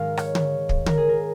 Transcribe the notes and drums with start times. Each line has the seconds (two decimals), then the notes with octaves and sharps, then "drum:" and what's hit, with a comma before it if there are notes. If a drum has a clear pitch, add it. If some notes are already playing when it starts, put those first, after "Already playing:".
Already playing: G#2 D#3 G#3 F5
0.17 C#5, drum: rim click
0.35 drum: tom D3
0.69 drum: kick
0.86 A#4, drum: tom D3
0.97 G#4
1.09 A#4